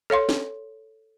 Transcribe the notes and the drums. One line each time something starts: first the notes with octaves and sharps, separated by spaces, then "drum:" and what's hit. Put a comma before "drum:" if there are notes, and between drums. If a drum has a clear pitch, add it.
A4 C#5 F5 C6
drum: snare